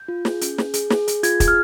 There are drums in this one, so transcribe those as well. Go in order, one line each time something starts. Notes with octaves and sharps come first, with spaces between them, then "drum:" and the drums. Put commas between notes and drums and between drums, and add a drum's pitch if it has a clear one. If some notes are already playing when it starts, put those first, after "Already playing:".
Already playing: G6
F4
G#4, drum: snare
C#4, drum: hi-hat
G#4, drum: snare
G#4, drum: hi-hat
G#4, drum: snare
G#4, drum: hi-hat
F4 G#6, drum: hi-hat
G#4, drum: kick, hi-hat
F6